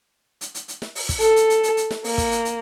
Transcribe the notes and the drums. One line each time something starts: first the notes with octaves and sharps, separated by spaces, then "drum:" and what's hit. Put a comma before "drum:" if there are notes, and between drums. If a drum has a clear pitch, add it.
drum: hi-hat
drum: hi-hat
drum: hi-hat
drum: snare
drum: open hi-hat
drum: kick, hi-hat
A4, drum: hi-hat
drum: hi-hat
drum: hi-hat
drum: hi-hat
drum: hi-hat
drum: snare
A#3, drum: open hi-hat
drum: kick, hi-hat
drum: hi-hat
drum: hi-hat